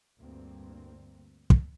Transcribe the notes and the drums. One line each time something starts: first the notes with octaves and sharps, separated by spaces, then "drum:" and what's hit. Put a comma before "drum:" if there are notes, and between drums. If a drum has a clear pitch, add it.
D2 G2 A#3 C4
drum: kick